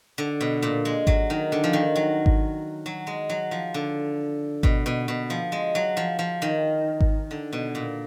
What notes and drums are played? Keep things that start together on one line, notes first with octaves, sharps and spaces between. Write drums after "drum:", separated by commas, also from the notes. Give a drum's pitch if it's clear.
D3
B2
A#2
G#3
F#3, drum: kick G#1
D#3
D3
F3
D#3
F#3
drum: kick G#1
F#3
G#3
F#3
F3
D3
B2, drum: kick G#1
B2
B2
F3
G#3
F#3
F3
F3
D#3
drum: kick G#1
D3
B2
A#2